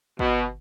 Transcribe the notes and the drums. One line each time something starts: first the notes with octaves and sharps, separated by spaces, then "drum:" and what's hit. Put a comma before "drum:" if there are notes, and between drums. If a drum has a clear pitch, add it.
B2, drum: kick